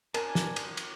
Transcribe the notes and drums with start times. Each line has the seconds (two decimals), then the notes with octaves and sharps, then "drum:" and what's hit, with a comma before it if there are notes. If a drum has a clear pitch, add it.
0.14 A#4 D5 G#5 A5, drum: cymbal
0.35 drum: snare
0.56 drum: cymbal
0.77 drum: cymbal